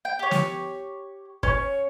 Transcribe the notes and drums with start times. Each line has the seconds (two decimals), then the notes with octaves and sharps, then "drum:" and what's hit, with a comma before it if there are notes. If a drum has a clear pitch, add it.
0.05 G5
0.19 G4 C#5
0.31 drum: snare
1.43 C#4 C#5, drum: kick